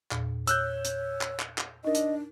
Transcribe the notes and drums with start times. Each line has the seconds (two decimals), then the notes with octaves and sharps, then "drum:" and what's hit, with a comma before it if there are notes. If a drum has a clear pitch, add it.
0.11 E2 A#2, drum: clap
0.47 C#5 E6 F#6 G6, drum: hi-hat
0.85 drum: hi-hat
1.21 drum: clap
1.40 drum: clap
1.58 drum: clap
1.84 D4 D#4 A#4 D#5
1.95 drum: hi-hat